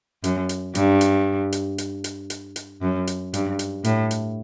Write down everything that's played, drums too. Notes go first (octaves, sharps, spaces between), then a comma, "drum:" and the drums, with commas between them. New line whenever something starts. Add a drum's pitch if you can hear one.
F#2, drum: hi-hat
drum: hi-hat
G2, drum: hi-hat
drum: hi-hat
drum: hi-hat
drum: hi-hat
drum: hi-hat
drum: hi-hat
drum: hi-hat
F#2
drum: hi-hat
G2, drum: hi-hat
drum: hi-hat
A2, drum: hi-hat
drum: hi-hat